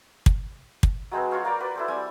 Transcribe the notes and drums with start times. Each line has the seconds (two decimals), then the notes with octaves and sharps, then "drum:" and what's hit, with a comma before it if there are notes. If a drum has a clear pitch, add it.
0.26 drum: kick
0.83 drum: kick
1.11 F#3 G#3 C4 B4
1.31 F4 F#4 C#5 F5
1.45 A#3 A#4 D5 G5
1.60 F#4 B4
1.75 E4 A4 C5
1.88 G3 C4 F#5 G#5